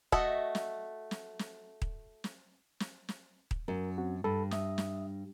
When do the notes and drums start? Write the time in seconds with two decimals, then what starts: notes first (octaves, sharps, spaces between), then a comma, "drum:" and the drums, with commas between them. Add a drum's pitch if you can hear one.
0.12 A3 F#4 D#5 E5, drum: kick D#1
0.55 drum: snare
1.11 drum: snare
1.39 drum: snare
1.82 drum: kick D#1
2.24 drum: snare
2.80 drum: snare
3.09 drum: snare
3.51 drum: kick D#1
3.68 F#2 A#4
3.98 C4 F#4
4.24 G2 A4 B5
4.51 E5 D#6, drum: snare
4.78 drum: snare